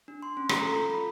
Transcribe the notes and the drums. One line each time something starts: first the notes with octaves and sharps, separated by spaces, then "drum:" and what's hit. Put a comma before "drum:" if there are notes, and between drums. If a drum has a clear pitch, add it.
D4
C6
C#4
A#5, drum: rim click
A4
F4
B5